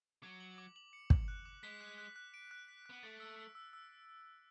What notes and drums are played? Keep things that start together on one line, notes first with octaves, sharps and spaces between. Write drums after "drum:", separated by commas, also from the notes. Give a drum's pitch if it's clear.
F#3 D6
F#7
D6
F#7
C#7
F#7, drum: kick
F#6
D6
G#3 B6
F#6
F#6
F#6
D7
F#6
B6
B3 F#6
A3 A6
E6
E6
E6
E6